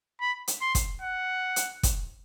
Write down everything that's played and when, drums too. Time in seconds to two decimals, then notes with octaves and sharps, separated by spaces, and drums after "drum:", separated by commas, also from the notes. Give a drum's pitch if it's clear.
0.20 B5
0.48 drum: hi-hat
0.61 C6
0.75 drum: kick, hi-hat
1.02 F#5
1.56 drum: hi-hat
1.83 drum: kick, hi-hat